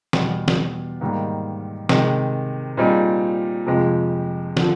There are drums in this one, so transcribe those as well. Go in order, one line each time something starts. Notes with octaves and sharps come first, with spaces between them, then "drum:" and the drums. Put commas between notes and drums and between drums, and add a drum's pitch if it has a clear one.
E2 B2 G3, drum: snare
drum: snare
G#2 D#3 G3 A#3
C3 D#3 G#3, drum: snare
A#2 G3 C4 D#4 G#4
F2 C3 F3 G#3
D3 F3, drum: snare